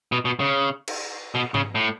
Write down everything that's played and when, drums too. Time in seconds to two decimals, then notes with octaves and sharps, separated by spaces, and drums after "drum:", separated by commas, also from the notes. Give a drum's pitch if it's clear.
0.12 B2
0.25 B2
0.40 C#3
0.88 drum: cymbal
1.35 B2
1.54 C#3, drum: tom G#2
1.75 A2